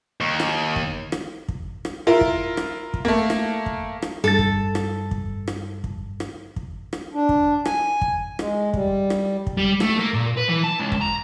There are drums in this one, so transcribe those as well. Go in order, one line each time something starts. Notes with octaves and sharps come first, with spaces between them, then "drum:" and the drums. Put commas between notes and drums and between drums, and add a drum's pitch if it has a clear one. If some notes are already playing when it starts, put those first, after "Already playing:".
D#2
drum: rim click
drum: kick
drum: rim click
drum: kick
drum: rim click
E4 F4 A#4
drum: kick
drum: rim click
drum: kick
A3 A#3
drum: rim click
drum: kick
drum: rim click
G2 A4 A6
drum: kick
drum: rim click
drum: kick
drum: rim click
drum: kick
drum: rim click
drum: kick
drum: rim click
D4
drum: kick
G#5, drum: rim click
drum: kick
G#3, drum: rim click
G3, drum: kick
drum: rim click
drum: kick
G3
A3, drum: rim click
A#3
A#2
B4
E3
A5
C#2
drum: kick
A#5